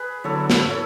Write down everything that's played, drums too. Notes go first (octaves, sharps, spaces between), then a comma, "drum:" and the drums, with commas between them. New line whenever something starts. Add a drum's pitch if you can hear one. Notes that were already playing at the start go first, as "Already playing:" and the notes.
Already playing: G#4 B4
D3 F#3 B3 E4 A4 C#5
drum: snare
E4 A4 C#5